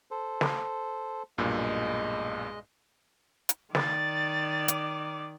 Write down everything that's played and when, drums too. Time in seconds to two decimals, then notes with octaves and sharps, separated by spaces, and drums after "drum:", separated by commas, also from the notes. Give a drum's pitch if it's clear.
0.11 A4 C5
0.41 drum: snare
1.38 B1 G2 A#2 G#3 D#5
3.49 drum: hi-hat
3.75 D#3 D5 A6, drum: snare
4.68 D6, drum: hi-hat